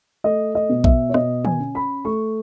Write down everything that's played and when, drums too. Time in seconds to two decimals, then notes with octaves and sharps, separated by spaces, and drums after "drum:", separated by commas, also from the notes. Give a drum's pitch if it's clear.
0.24 A3 D#5
0.55 D#5
0.69 B2
0.84 E5, drum: kick A#1
1.09 C#5
1.14 B2 D#5, drum: rim click
1.45 G#5, drum: tom
1.60 C#4
1.75 B5
2.05 A3 C#6